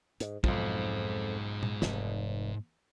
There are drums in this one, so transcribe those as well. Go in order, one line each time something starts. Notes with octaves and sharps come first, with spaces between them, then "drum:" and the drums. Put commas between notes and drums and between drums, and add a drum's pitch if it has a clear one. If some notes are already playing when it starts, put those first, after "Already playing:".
G#2, drum: hi-hat
B1 F2 G#2 F3, drum: kick
drum: tom A#2
F1, drum: snare